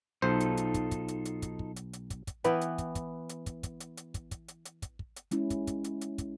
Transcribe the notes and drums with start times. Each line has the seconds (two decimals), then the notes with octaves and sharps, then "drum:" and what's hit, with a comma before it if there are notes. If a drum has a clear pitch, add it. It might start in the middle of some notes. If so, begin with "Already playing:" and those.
0.22 B1 D#4 F4 A4 C5
0.40 drum: hi-hat
0.57 drum: hi-hat
0.74 drum: kick, hi-hat
0.91 drum: kick, hi-hat
1.08 drum: hi-hat
1.25 drum: hi-hat
1.42 drum: kick, hi-hat
1.59 drum: kick
1.76 drum: hi-hat
1.93 drum: hi-hat
2.10 drum: kick, hi-hat
2.27 drum: kick, hi-hat
2.44 E3 B3 B4 G5, drum: hi-hat
2.61 drum: hi-hat
2.78 drum: kick, hi-hat
2.95 drum: kick, hi-hat
3.29 drum: hi-hat
3.46 drum: kick, hi-hat
3.63 drum: kick, hi-hat
3.80 drum: hi-hat
3.97 drum: hi-hat
4.14 drum: kick, hi-hat
4.31 drum: kick, hi-hat
4.48 drum: hi-hat
4.65 drum: hi-hat
4.82 drum: kick, hi-hat
4.99 drum: kick
5.16 drum: hi-hat
5.31 G#3 C#4 E4, drum: hi-hat
5.50 drum: kick, hi-hat
5.67 drum: kick, hi-hat
5.84 drum: hi-hat
6.01 drum: hi-hat
6.18 drum: kick, hi-hat